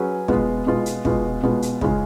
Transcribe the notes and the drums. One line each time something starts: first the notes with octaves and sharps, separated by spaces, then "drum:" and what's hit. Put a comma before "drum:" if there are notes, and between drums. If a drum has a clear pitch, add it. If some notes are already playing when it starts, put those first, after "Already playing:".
Already playing: F#3 C#4 G#4 B4
B2 G#3 B3 F4, drum: kick
B2 G#3 B3 F4
drum: hi-hat
B2 G#3 B3 F4, drum: kick
B2 G#3 B3 F4
drum: hi-hat
C#3 G#3 C#4 F4 G#4, drum: kick